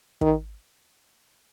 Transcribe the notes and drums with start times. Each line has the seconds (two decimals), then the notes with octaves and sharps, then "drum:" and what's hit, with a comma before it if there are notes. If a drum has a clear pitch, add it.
0.21 D#3, drum: kick